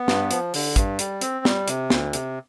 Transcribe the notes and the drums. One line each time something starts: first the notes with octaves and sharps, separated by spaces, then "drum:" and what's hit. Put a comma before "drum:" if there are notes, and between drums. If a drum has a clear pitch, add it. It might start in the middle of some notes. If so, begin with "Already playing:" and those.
Already playing: B3
G2, drum: snare
F3, drum: hi-hat
D3, drum: open hi-hat
G2, drum: kick, hi-hat
G3, drum: hi-hat
C4, drum: hi-hat
G3, drum: snare
C3, drum: hi-hat
D2, drum: snare
C3, drum: hi-hat